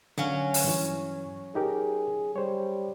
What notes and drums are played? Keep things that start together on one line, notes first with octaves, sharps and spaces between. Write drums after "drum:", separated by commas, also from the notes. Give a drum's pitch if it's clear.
D3 F#3 C#4 F5
drum: open hi-hat
G2 E3
D#4 G4 G#4 A#4
G3 C5 C#5